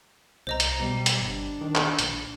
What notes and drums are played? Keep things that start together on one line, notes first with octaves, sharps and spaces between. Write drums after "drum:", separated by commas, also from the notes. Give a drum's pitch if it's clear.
C2 C5 D#5 A#5
drum: hi-hat
B2 G3
drum: hi-hat
G1 D4
D#3
drum: clap
A#1, drum: hi-hat